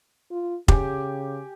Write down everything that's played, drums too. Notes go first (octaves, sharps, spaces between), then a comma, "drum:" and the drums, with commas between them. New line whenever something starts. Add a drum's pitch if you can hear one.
F4
C#3 G4 G#5, drum: kick F1